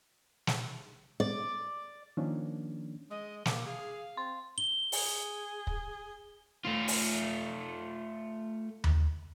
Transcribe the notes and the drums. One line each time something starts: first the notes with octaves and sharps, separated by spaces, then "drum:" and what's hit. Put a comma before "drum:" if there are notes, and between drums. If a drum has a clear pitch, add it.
drum: snare
D5
D#3 F3 A#3 C#4 D4
G#3 D#5
A#3 D6, drum: snare
G#4 F5
C4 C6
G7
G#4, drum: open hi-hat
drum: kick
A3 F4
drum: open hi-hat
drum: tom D#2